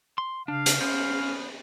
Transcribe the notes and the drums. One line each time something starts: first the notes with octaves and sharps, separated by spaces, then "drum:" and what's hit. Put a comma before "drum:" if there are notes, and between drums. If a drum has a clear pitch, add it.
C6
C#3 D4 F5
drum: hi-hat
B3 C#4 C5 F5